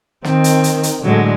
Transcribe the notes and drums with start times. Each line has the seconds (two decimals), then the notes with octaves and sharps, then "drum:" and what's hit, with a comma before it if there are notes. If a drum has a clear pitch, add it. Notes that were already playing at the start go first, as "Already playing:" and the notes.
0.24 D#3 C4, drum: snare
0.44 drum: hi-hat
0.64 drum: hi-hat
0.83 drum: hi-hat
1.03 A2 D3 F#3 G#3